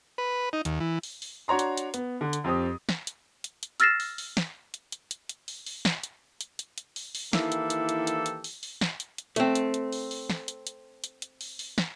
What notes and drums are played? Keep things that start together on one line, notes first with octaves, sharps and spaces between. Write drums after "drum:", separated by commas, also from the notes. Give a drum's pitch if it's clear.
B4
D#4
D#2, drum: hi-hat
E3
drum: open hi-hat
drum: open hi-hat
D4 F#4 C#5 A#5 C6
drum: hi-hat
drum: hi-hat
B3, drum: hi-hat
D3
drum: hi-hat
F2 C4 G4 D#6
drum: snare
drum: hi-hat
drum: hi-hat
drum: hi-hat
E6 F6 A6 A#6 C7 E7, drum: hi-hat
drum: open hi-hat
drum: open hi-hat
drum: snare
drum: hi-hat
drum: hi-hat
drum: hi-hat
drum: hi-hat
drum: open hi-hat
drum: open hi-hat
drum: snare
drum: hi-hat
drum: hi-hat
drum: hi-hat
drum: hi-hat
drum: open hi-hat
drum: open hi-hat
D#3 E3 A#3 E4 G4 A4, drum: snare
drum: hi-hat
drum: hi-hat
drum: hi-hat
drum: hi-hat
drum: hi-hat
drum: open hi-hat
drum: open hi-hat
drum: snare
drum: hi-hat
drum: hi-hat
A3 C4, drum: hi-hat
drum: hi-hat
drum: hi-hat
drum: open hi-hat
drum: open hi-hat
drum: snare
drum: hi-hat
drum: hi-hat
drum: hi-hat
drum: hi-hat
drum: open hi-hat
drum: open hi-hat
drum: snare